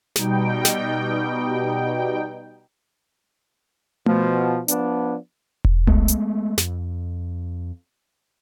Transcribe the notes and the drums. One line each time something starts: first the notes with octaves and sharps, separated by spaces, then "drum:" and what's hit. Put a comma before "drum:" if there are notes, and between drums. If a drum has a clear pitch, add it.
B2 G3 D#4 G5, drum: snare
drum: snare
B2 F3, drum: tom A3
F3 B3 D4, drum: hi-hat
drum: kick E1
G#3 A3 B3, drum: tom C2
drum: hi-hat
F2, drum: snare